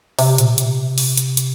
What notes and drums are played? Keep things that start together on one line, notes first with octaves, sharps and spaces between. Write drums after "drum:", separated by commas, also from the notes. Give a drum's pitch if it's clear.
C3, drum: open hi-hat
A#2, drum: hi-hat
C3, drum: hi-hat
drum: open hi-hat
drum: hi-hat
drum: hi-hat